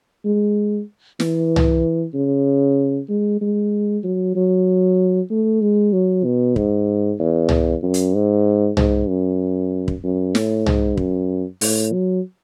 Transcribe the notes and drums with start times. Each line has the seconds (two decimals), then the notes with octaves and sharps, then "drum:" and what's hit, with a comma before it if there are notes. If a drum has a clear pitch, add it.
0.25 G#3
1.20 E3, drum: snare
1.56 drum: tom
2.14 C#3
3.09 G#3
3.41 G#3
4.04 F#3
4.35 F#3
5.30 A3
5.61 G#3
5.93 F#3
6.24 B2
6.56 G#2, drum: kick
7.19 E2
7.49 drum: tom
7.83 F#2
7.94 drum: hi-hat
8.14 G#2
8.77 G#2, drum: tom
9.09 F#2
9.88 drum: kick
10.03 F#2
10.35 A2, drum: snare
10.66 G#2, drum: tom
10.97 F#2, drum: kick
11.61 A2, drum: open hi-hat
11.92 F#3